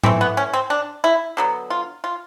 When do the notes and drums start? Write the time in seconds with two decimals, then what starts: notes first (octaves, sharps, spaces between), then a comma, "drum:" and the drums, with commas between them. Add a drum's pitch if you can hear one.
0.04 E3 A3 C4, drum: tom G#2
0.21 B3
0.37 C#4
0.53 C4
0.70 D4
1.04 E4
1.37 D3 F#3 B3
1.70 F4
2.04 F4